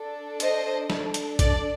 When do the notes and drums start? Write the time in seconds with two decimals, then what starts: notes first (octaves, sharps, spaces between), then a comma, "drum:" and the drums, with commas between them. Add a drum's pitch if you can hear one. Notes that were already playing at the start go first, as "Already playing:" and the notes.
Already playing: D4 A4
0.40 C5 D#5, drum: hi-hat
0.90 D4 A4, drum: snare
1.14 drum: hi-hat
1.39 D5, drum: kick, hi-hat